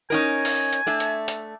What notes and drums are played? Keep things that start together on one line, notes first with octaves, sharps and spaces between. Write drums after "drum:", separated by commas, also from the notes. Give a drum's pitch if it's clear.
C#4 D#4 A#4 G#5
drum: open hi-hat
drum: hi-hat
A3 D4 E5
drum: hi-hat
drum: hi-hat